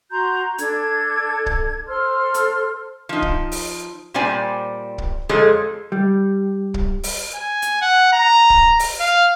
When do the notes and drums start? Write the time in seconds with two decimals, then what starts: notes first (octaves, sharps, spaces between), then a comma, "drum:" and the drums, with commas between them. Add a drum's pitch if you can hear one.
0.11 F#4 A#5 C6 G6
0.58 D4 A4 G#6, drum: hi-hat
1.46 drum: kick
1.87 A4 C5 C6 F6
2.34 drum: hi-hat
3.09 F3 D#4
3.22 drum: kick
3.52 drum: open hi-hat
4.14 A#2 G3 C4 C5 D5 G#5
4.98 drum: kick
5.29 F2 G#3 G#4 A4 C#5
5.92 G3
6.74 drum: kick
7.03 drum: open hi-hat
7.35 G#5
7.62 drum: hi-hat
7.82 F#5
8.13 A#5
8.50 drum: kick
8.79 drum: open hi-hat
9.00 F5